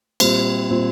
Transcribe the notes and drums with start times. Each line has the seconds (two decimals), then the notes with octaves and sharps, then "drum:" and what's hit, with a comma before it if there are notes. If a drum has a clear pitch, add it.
0.20 A#2 G3 C4, drum: cymbal
0.71 A#2 G3 C4